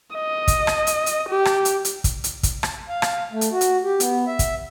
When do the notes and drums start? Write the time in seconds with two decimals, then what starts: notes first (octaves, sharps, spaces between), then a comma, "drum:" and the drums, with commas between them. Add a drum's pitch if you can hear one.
0.15 D#5
0.48 drum: kick, hi-hat
0.67 drum: rim click
0.87 drum: hi-hat
1.06 drum: hi-hat
1.29 G4
1.45 drum: rim click
1.65 drum: hi-hat
1.85 drum: hi-hat
2.04 drum: kick, hi-hat
2.24 drum: hi-hat
2.43 drum: kick, hi-hat
2.63 drum: rim click
2.89 F5
3.02 drum: rim click
3.32 A3
3.41 drum: hi-hat
3.52 F#4
3.61 drum: hi-hat
3.84 G4
4.00 B3, drum: hi-hat
4.27 E5
4.39 drum: kick, hi-hat